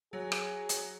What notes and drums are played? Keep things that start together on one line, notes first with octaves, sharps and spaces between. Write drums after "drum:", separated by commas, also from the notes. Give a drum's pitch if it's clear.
F#3 G#4
drum: rim click
drum: hi-hat